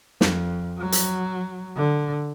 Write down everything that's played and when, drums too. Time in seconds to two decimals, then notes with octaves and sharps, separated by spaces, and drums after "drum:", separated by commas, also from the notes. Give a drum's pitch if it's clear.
0.21 F2, drum: snare
0.78 F#3
0.92 drum: hi-hat
1.76 D3